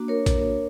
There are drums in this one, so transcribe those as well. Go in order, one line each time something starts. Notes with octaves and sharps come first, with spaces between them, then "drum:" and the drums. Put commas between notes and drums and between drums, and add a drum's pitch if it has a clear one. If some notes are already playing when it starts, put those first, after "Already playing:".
Already playing: A#3 D4 F#4
A#4 C#5
drum: kick A#1, hi-hat